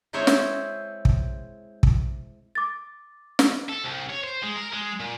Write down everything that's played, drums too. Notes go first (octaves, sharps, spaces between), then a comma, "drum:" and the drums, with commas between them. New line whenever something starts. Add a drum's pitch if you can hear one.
G#3 C4 E4 C5 C#5
drum: snare
drum: kick
drum: kick
D6 A6
drum: snare
A4
C2
C#5
C5
G#3
A#4
G#3
A#2